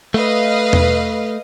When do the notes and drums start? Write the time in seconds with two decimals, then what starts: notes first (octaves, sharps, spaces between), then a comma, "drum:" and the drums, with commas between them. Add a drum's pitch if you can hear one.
0.14 A3 B4 D#5 F5
0.73 drum: tom E2